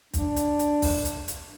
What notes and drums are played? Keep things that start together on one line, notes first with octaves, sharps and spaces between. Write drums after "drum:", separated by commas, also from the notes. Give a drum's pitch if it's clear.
D4, drum: kick, hi-hat
drum: hi-hat
drum: hi-hat
drum: kick, open hi-hat
drum: hi-hat
drum: hi-hat